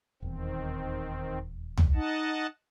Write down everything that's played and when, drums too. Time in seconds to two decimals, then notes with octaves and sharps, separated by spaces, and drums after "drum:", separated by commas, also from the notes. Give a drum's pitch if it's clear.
0.22 D#1 E2 D#3 C4
1.78 drum: tom
1.94 D#4 D#5 F#5 A5